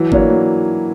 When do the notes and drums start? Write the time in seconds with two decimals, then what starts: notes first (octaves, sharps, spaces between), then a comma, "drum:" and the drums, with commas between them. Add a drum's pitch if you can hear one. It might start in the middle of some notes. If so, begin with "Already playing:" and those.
Already playing: E3 F#3
0.12 A#3 D4 F#4 C#5, drum: kick G1
0.30 F#3